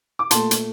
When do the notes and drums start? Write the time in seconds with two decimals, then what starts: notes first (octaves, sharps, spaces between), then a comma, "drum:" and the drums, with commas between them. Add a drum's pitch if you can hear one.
0.19 D6
0.31 A#2 A3 A5 C6, drum: hi-hat
0.51 drum: hi-hat